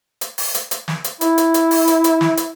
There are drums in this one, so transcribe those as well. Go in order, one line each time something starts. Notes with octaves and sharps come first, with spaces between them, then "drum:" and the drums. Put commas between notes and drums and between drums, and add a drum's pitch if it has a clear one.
drum: hi-hat
drum: open hi-hat
drum: hi-hat
drum: hi-hat
drum: snare
drum: hi-hat
E4, drum: hi-hat
drum: hi-hat
drum: hi-hat
drum: open hi-hat
drum: hi-hat
drum: hi-hat
drum: snare
drum: hi-hat